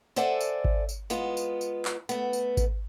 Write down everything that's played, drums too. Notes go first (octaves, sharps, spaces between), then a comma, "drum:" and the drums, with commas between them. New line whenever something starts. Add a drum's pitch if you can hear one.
A4 C5 D5 E5 F#5 G#5, drum: tambourine
drum: tambourine
drum: kick G#1
drum: tambourine
G#3 B3 F4, drum: tambourine
drum: tambourine
drum: tambourine
drum: clap
A3 B3, drum: tambourine
drum: tambourine
drum: kick G#1, tambourine